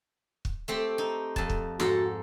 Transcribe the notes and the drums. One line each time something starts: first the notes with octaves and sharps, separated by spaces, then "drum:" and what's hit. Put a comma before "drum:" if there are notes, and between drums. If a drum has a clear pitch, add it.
drum: kick
A3 C4 G4
D#4
F2 A5, drum: kick
drum: kick
G#2 F#4 A4 A#5, drum: snare